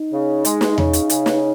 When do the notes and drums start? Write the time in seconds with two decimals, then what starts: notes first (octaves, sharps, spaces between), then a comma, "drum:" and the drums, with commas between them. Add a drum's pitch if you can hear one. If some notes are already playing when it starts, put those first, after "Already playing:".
Already playing: D#4
0.12 C#3
0.45 G#3, drum: hi-hat
0.61 drum: snare
0.78 C#3, drum: tom E2
0.93 drum: hi-hat
1.10 C#3, drum: hi-hat
1.26 drum: snare